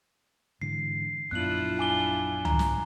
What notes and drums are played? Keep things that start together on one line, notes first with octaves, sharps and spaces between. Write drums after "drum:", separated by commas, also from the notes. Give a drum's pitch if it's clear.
G#2 D3 E3 C7
A#1 F#2 B3 D4 E4 F4 F#6 F#7
G#5 D6 G7
A#5, drum: tom C#2
drum: snare